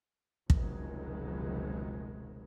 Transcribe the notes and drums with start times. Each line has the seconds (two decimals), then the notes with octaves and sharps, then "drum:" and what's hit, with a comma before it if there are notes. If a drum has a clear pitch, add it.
0.50 F1 C#2 B2 D#3 F#3 G#3, drum: kick